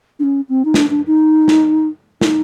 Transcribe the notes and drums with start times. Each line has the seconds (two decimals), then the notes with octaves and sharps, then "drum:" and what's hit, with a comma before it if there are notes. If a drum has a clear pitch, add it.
0.19 D4
0.24 C#4
0.49 C4
0.65 D#4
0.74 D4, drum: snare
0.90 D4
1.07 D#4
1.48 drum: snare
2.21 D#4, drum: snare